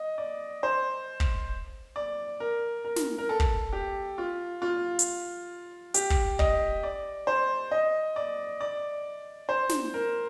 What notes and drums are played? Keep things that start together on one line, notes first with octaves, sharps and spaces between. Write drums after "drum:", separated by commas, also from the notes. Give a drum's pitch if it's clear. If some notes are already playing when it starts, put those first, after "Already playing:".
Already playing: D#5
D5
C5
drum: kick
D5
A#4
A#4
drum: snare
A#4
A4
drum: kick
G4
F4
F4
drum: hi-hat
G4, drum: hi-hat
drum: kick
D#5, drum: kick
D5
C5
D#5
D5
D5
C5
drum: snare
A#4